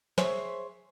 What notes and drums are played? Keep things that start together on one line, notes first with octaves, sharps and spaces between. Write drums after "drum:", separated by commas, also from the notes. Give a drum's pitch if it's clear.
G#4 C5 C#5 E5, drum: snare